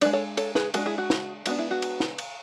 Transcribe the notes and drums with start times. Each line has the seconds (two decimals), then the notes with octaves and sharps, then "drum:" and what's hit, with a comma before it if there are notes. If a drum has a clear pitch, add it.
0.01 G#3 D4 B4 D5, drum: cymbal
0.13 A4 C#5
0.37 A4 C#5, drum: cymbal
0.55 G#4 B4, drum: snare
0.74 G#3 D4 F#4 A4, drum: cymbal
0.86 E4 G#4
0.98 F#4
1.10 drum: snare
1.46 G#3 B3 D4 F#4, drum: cymbal
1.59 E4
1.71 F#4
1.82 drum: cymbal
2.00 drum: snare
2.18 drum: cymbal